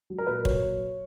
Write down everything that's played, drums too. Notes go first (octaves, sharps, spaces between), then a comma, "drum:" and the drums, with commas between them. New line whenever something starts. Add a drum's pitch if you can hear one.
F#3
A#4
A#2 B4
F#3 C#5, drum: kick